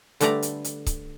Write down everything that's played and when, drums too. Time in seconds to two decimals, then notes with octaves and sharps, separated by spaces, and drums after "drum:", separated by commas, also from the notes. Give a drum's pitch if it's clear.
0.20 D3 G3 A3 B4 D5 A#5, drum: hi-hat
0.42 drum: hi-hat
0.64 drum: hi-hat
0.86 drum: kick C#1, hi-hat